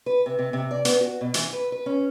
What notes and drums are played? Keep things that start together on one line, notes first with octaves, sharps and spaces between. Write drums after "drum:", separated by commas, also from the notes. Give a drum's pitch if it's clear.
B4
C3
C3
C3
D5
B3, drum: hi-hat
F#4
B2
E3, drum: hi-hat
B4
B4
C#4